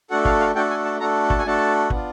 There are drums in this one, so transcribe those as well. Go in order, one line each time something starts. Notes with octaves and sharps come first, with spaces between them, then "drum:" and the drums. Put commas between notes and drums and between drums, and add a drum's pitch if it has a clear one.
A3 D4 F#4 A4 F#5
F5, drum: kick
F5
A3 D4 F#4 A4 G5
G#5
A5
A3 D4 F#4 A4 A#5
A5, drum: kick
G#5
A3 D4 F#4 A4 A5
B3 D4 F4, drum: kick